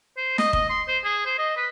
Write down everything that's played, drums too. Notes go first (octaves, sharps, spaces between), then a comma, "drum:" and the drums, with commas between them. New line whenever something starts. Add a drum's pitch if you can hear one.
C5
D#5, drum: snare
D#5, drum: kick
C6
C5
G#4
C5
D#5
B4